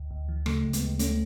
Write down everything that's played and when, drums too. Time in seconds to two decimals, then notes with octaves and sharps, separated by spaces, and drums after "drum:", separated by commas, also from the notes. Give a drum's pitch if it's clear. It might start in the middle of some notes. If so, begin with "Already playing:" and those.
Already playing: D2
0.11 D2
0.29 E3
0.46 C#3 F#3 A3, drum: rim click
0.64 D2
0.73 G#3 B3, drum: hi-hat
0.82 D2
0.99 D2 A3 C#4, drum: hi-hat